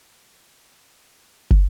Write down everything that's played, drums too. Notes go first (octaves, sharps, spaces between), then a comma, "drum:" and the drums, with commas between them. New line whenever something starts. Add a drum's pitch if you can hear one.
D5
E5
F5
G5
F5
A4
A3 F4
E4
D4
drum: kick